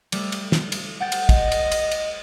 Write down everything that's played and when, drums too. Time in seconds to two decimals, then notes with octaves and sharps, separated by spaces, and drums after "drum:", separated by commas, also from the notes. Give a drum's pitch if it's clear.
0.12 G3 A3, drum: cymbal
0.32 drum: cymbal
0.52 drum: snare
0.72 drum: cymbal
1.00 F#5 G5 A6
1.12 drum: cymbal
1.29 D#5, drum: kick, cymbal
1.52 drum: cymbal
1.72 drum: cymbal
1.91 drum: cymbal